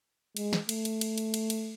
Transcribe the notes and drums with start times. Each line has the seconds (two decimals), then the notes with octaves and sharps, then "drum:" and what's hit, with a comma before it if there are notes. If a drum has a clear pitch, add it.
0.37 G#3, drum: cymbal
0.53 drum: snare
0.69 A3, drum: cymbal
0.85 drum: cymbal
1.01 drum: cymbal
1.18 drum: cymbal
1.34 drum: cymbal
1.50 drum: cymbal